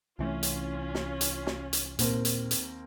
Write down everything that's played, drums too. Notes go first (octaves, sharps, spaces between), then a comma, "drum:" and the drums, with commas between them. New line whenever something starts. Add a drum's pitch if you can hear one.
C2 E3 A3 C#4 F4
drum: hi-hat
drum: snare
drum: hi-hat
drum: snare
drum: hi-hat
D#2 A#2 C4 A#4, drum: hi-hat
drum: hi-hat
drum: hi-hat